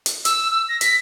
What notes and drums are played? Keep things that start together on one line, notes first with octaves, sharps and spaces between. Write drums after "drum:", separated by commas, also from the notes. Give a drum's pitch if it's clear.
drum: hi-hat
E6, drum: hi-hat
E6
A#6
B6, drum: hi-hat